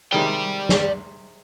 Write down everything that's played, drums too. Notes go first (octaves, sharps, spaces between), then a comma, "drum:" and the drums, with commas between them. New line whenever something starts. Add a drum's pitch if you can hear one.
C3 D#3 G#3 D5 G5
drum: snare